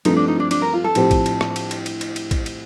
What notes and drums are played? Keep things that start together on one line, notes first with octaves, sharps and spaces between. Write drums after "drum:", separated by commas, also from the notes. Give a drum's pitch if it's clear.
G2 F3 A3 C4 D#4, drum: cymbal
D4
D#4
D4
D4, drum: cymbal
A#4
F4
A4
A2 F3 C4 G4 C5, drum: cymbal
drum: kick, cymbal
drum: cymbal
drum: rim click
drum: cymbal
drum: cymbal
drum: cymbal
drum: cymbal
drum: cymbal
drum: kick, cymbal
drum: cymbal